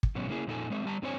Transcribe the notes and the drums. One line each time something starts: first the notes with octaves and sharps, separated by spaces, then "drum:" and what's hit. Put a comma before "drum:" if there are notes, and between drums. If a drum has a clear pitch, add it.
drum: kick
G#2 B2 F#3 B3 C#4
C#3 A3 A#3 E4 G#4
F2 A#2 D#4 E4 A4 G#5
G#3 C4 C#5 E5
G3 A5 A#5
G2 D3 C4 C5 C#5 G#5